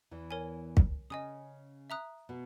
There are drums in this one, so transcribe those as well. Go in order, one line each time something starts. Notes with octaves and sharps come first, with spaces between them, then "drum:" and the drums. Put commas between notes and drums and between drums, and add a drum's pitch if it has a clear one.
E2 E3
A#4 C#5 G#5
drum: kick
C#3 C#4 D#5 G#5 D#6
E5 A#5 D#6 F#6
B2 B3